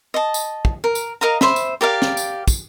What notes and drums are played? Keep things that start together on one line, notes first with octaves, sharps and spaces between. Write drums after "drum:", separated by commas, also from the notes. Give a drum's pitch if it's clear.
D#5 A5
drum: tambourine
drum: kick
A#4
drum: tambourine
A#4 D#5 F5 A#5
C5 E5 B5, drum: snare
drum: tambourine
G4 A#4 D5 F5
drum: snare
drum: tambourine
drum: kick, tambourine